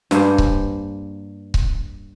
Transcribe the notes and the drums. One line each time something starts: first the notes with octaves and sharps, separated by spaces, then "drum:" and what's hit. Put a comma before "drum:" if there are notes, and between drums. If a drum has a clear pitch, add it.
G2 A#3 G#4 C5, drum: snare
drum: kick C#1
drum: kick C#1